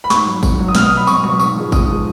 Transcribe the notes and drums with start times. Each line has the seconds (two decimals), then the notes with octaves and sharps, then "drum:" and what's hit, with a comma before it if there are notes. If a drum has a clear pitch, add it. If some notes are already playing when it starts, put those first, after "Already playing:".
0.04 B5
0.10 G#2 C#6, drum: snare
0.27 F#3
0.43 G#2, drum: kick G#1, tambourine
0.60 F#3
0.68 D#6
0.75 B2 F6, drum: snare
0.86 D#6
0.91 F#3
0.97 B5
1.07 B2 C#6, drum: tambourine
1.24 F#3 C#6
1.39 G#2 C#6, drum: tambourine
1.56 F3 G#3
1.72 G#2 D#6, drum: kick G#1, tambourine
1.88 F3 G#3